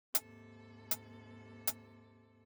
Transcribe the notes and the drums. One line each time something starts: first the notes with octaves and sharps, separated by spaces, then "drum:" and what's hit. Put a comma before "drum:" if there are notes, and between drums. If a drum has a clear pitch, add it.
D#2 G#2 C3 A4, drum: hi-hat
drum: hi-hat
drum: hi-hat